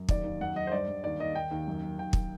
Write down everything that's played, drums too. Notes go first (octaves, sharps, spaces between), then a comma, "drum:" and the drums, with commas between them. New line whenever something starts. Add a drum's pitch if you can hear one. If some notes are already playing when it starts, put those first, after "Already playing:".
Already playing: F#2
D#2 D5, drum: kick
D#2
F#2 F#5
F#2 D#5
C5
G2 D5
G2
D#2 D5
D#2 D#5
D#2 G5
D#2
F#2
F#2
D#2 G5
drum: kick